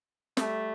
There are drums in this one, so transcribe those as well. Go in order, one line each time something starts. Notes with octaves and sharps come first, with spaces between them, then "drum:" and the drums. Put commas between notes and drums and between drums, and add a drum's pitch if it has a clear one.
G3 A3, drum: snare